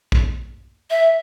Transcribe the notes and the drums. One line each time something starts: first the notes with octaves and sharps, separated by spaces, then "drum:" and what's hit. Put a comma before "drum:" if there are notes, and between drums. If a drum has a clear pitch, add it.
drum: kick A#1
E5